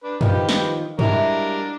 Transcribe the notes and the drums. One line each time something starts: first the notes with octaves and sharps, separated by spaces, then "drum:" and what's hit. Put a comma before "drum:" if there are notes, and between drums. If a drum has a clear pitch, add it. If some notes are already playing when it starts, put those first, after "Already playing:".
D4 B4
D#3 F3 G4 B4, drum: tom F#2
drum: snare
G3 G#3 D4 E4 A#4, drum: tom G2